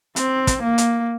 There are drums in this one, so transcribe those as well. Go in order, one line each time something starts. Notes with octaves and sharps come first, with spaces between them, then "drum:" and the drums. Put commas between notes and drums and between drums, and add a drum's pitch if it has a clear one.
C4, drum: hi-hat
drum: kick, hi-hat
A#3
drum: hi-hat